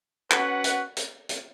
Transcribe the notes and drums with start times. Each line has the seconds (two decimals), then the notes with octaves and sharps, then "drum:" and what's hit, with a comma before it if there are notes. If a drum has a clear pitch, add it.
0.31 C#4 F#4 B4 F#5, drum: clap
0.64 drum: hi-hat
0.97 drum: hi-hat
1.29 drum: hi-hat